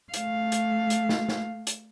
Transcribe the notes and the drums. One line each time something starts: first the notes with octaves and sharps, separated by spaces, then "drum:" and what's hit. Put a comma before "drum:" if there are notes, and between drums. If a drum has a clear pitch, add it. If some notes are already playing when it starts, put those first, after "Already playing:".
A3 F5, drum: hi-hat
drum: hi-hat
drum: hi-hat
drum: snare
drum: snare
drum: hi-hat